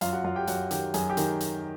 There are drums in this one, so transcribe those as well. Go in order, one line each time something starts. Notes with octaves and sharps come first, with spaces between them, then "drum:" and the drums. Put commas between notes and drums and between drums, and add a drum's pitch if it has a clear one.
F#2 F4 F5, drum: hi-hat
F#4 F#5
F#2 F4 F5
G4 G5
F#2 F#4 F#5, drum: hi-hat
D#3 G4 G5, drum: hi-hat
F#2 G#4 G#5, drum: hi-hat
G4 G5
D#3, drum: hi-hat
drum: hi-hat